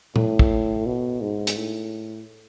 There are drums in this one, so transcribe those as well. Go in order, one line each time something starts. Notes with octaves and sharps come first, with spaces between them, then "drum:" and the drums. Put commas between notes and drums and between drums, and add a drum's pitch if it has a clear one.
A2, drum: tom
drum: kick
B2
G#2
drum: hi-hat
A2